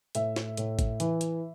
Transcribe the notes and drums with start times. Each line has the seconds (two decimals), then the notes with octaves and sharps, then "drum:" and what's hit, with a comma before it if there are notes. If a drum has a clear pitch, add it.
0.15 A2 E5, drum: hi-hat
0.36 drum: snare
0.57 A2, drum: hi-hat
0.79 drum: kick G#1, hi-hat
1.00 E3, drum: hi-hat
1.21 drum: hi-hat